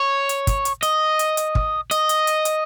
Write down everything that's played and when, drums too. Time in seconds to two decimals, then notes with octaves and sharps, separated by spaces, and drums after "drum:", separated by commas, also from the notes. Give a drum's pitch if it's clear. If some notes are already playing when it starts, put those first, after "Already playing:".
Already playing: C#5
0.29 drum: hi-hat
0.47 drum: kick, hi-hat
0.65 drum: hi-hat
0.83 D#5, drum: hi-hat
1.19 drum: hi-hat
1.37 drum: hi-hat
1.55 drum: kick
1.91 D#5, drum: hi-hat
2.09 drum: hi-hat
2.27 drum: hi-hat
2.45 drum: hi-hat